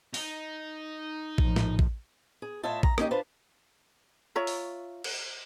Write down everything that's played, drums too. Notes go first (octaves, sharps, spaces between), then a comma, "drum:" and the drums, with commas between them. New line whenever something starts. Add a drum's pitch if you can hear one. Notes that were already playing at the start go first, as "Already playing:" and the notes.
D#4, drum: open hi-hat
A#1 A2 F3, drum: kick
drum: snare
drum: kick
G#4
A2 F4 C#5 D#5 E5 A5
A#5, drum: kick
A#3 C#4 D#4 G4 D#5, drum: rim click
D4 F4 B4 C5
F4 C#5 E5 A#5
drum: open hi-hat
drum: cymbal